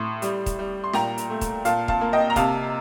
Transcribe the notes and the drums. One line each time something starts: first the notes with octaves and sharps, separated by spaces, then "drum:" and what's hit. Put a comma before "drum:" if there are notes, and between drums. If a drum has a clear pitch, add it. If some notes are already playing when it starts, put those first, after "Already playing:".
Already playing: A2 C6
G3, drum: hi-hat
drum: kick, hi-hat
G3
C6
A#2 G5 A#5, drum: snare
drum: hi-hat
A3
drum: kick, hi-hat
A#2 F5 A5, drum: hi-hat
F5 A5, drum: kick
A#3
D#5 G5
A#5
C3 F5 A5, drum: kick, hi-hat